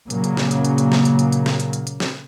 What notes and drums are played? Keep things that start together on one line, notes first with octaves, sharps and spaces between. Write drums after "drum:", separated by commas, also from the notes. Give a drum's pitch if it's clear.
A#2 C#3 F#3 A#3, drum: hi-hat
drum: hi-hat
drum: snare
drum: hi-hat
drum: hi-hat
drum: hi-hat
drum: snare
drum: hi-hat
drum: hi-hat
drum: hi-hat
drum: snare
drum: hi-hat
drum: hi-hat
drum: hi-hat
drum: snare